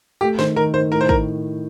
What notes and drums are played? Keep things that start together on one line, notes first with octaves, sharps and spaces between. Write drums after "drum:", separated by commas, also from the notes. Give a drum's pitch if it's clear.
A3 G4
D#3 C5, drum: snare
D#3 A#4
D#3 C5
A2 A#4
C5
A2 A#4, drum: kick